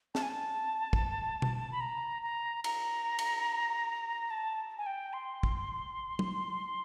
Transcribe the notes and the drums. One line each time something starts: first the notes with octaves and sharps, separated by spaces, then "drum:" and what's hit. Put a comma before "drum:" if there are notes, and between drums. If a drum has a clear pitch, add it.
A5, drum: snare
G#5
A5
drum: kick
drum: tom
B5
A#5
A#5
A#5, drum: cymbal
drum: cymbal
A5
G#5
G5
C6
drum: kick
drum: tom